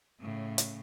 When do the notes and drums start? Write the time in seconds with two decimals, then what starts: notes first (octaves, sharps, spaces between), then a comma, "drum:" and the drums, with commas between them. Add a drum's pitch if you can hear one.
0.20 A2 C#3
0.58 drum: hi-hat